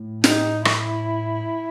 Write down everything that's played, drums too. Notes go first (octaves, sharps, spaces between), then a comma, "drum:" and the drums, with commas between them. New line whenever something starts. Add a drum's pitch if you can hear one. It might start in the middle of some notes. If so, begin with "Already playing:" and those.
Already playing: A2
D#4, drum: snare
E4, drum: rim click